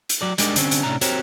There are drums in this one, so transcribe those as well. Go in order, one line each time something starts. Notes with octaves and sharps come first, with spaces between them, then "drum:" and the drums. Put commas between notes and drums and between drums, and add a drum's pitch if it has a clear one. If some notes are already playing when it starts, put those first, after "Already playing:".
drum: hi-hat
F#3 D5
G3 G#3 D4 D#4 A#4 D5, drum: hi-hat
D3 G3 C4 C#4, drum: hi-hat
drum: hi-hat
A2 C3 C#4 D4 A#5
C4 F#4 G4 A#4 C5 C#5, drum: hi-hat